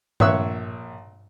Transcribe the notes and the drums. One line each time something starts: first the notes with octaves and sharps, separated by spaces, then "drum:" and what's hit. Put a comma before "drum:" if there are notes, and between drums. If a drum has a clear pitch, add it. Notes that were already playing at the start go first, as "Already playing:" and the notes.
A#1 C#5 E5 C#6 E6 F#6, drum: tom G2